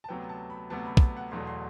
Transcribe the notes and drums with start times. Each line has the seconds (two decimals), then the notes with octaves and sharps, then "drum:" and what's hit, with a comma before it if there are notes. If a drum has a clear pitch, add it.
0.04 A5
0.08 D2 C3 F#3 B3 G5
0.29 A5
0.50 B5
0.70 D2 C3 F#3 B3 A5
0.86 B5
0.97 drum: kick
1.17 F#5
1.31 E1 E2 B2 F#3 A3 C6
1.47 C6